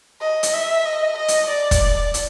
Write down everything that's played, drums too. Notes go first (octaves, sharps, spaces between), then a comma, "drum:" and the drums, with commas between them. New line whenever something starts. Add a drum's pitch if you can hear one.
D#5
drum: hi-hat
E5
D#5
D#5
drum: hi-hat
D5
drum: kick, hi-hat
drum: hi-hat